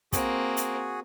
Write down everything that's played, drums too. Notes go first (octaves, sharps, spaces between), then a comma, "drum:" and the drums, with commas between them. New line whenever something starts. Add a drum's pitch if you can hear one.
A#3 C4 F#4 G#4, drum: kick, hi-hat
drum: hi-hat